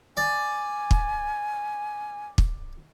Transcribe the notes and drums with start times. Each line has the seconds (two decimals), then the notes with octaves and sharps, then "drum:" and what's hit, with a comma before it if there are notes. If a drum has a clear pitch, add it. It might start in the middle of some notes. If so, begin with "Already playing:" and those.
0.17 D5 G#5
0.91 drum: kick
2.38 drum: kick